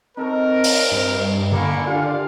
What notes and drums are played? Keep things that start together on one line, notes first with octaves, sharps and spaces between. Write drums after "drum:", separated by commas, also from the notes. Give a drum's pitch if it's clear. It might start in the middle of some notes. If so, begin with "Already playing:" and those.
C4 D#4 A4 A#4 C#5
drum: open hi-hat
G2
D3 A#3 C#4 E4 A#4 B5 C#7
F4 G4 D5 F5 F#5 G#5 C6